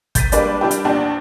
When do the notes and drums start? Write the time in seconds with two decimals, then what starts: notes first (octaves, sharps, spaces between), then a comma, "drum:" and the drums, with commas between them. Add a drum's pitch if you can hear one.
0.15 G6 A6 B6 D#7, drum: kick, hi-hat
0.32 G3 G#3 A#3 D4 B4 D5, drum: hi-hat
0.61 G3 D4 E4 G4
0.71 drum: hi-hat
0.85 A#1 E2 D4 G4